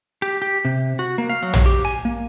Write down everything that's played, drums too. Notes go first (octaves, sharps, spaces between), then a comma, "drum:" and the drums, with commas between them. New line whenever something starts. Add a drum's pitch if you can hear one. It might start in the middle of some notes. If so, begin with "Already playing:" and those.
G4
G4
C3
F#4
A#3
F5
F#3
drum: tom
G4
G#5
A#3